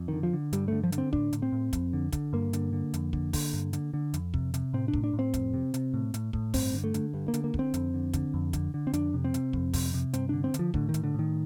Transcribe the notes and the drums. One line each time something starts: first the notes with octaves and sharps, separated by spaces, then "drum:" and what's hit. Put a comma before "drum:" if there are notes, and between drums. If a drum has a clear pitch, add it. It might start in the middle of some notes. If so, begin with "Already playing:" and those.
Already playing: F2
D3 D#3
F3
D3
G2 G3, drum: hi-hat
D3 A3
F3
D3, drum: hi-hat
C4
A2 D4, drum: kick
A2, drum: hi-hat
C4
A2
F2, drum: kick, hi-hat
D3
D3, drum: kick, hi-hat
G2 A#3
D3, drum: hi-hat
D3
F2, drum: hi-hat
D3, drum: kick
D3, drum: kick, open hi-hat
G2
D3, drum: hi-hat
D3
F2, drum: hi-hat
C3, drum: kick
C3, drum: hi-hat
A2 C4
D4
A2, drum: kick
D4
A2
C4
F2, drum: kick, hi-hat
C3
C3, drum: hi-hat
A2
A2, drum: hi-hat
A2, drum: kick
G2 C4, drum: kick, open hi-hat
D3
A3
D3, drum: hi-hat
G2
A#3
D3, drum: hi-hat
A#3
D3, drum: kick
C4
F2, drum: hi-hat
D3
D3, drum: kick, hi-hat
F2
D3, drum: kick, hi-hat
D3
C4
F2 D4, drum: hi-hat
C3
C4
C3, drum: hi-hat
F2, drum: kick
C3, drum: kick, open hi-hat
C3
G2 C4, drum: hi-hat
D3 D4
C4
D3, drum: hi-hat
F3
A2 D3, drum: kick
D#3
A2, drum: hi-hat
D3
A2 D#3